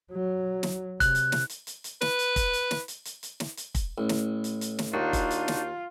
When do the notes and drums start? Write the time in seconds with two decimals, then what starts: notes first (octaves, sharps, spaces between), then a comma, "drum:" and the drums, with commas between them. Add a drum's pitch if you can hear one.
0.13 F#3
0.63 drum: snare
1.00 C3 F#6, drum: kick, hi-hat
1.15 drum: hi-hat
1.32 drum: snare
1.49 drum: hi-hat
1.67 drum: hi-hat
1.84 drum: hi-hat
2.01 B4, drum: snare
2.19 drum: hi-hat
2.36 drum: kick, hi-hat
2.53 drum: hi-hat
2.71 drum: snare
2.88 drum: hi-hat
3.05 drum: hi-hat
3.23 drum: hi-hat
3.40 drum: snare
3.57 drum: hi-hat
3.75 drum: kick, hi-hat
3.98 A1
4.09 drum: snare
4.44 drum: hi-hat
4.61 drum: hi-hat
4.79 drum: snare
4.94 D#2 D4 D#4 F4 F#4
5.13 drum: kick, hi-hat
5.31 drum: hi-hat
5.48 drum: snare